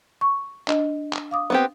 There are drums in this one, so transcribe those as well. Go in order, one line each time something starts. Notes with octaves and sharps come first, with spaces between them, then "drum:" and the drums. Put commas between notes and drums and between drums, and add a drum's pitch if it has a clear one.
C#6
D4 D#5, drum: clap
drum: clap
F5 D6 D#6
B3 C4 G4